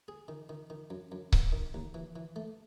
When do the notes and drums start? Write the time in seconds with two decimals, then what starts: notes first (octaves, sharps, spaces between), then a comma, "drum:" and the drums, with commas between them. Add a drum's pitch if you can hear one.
0.08 G#4
0.28 D#3
0.49 D#3
0.70 D#3
0.90 F#2
1.12 F#2
1.33 B3, drum: kick C#1
1.52 D#3
1.74 D#2
1.94 E3
2.16 E3
2.36 A3